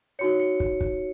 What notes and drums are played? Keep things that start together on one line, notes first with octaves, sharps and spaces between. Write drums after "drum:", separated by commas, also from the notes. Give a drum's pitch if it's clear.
D#4 F#4 C#5 C#7
C#7
drum: kick
drum: kick